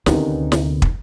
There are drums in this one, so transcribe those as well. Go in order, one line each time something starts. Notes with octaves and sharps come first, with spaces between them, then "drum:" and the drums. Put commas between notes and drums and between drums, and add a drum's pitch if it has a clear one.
D2 C3 D#3 B3 C#4 D#4 A#4, drum: snare
drum: snare
drum: kick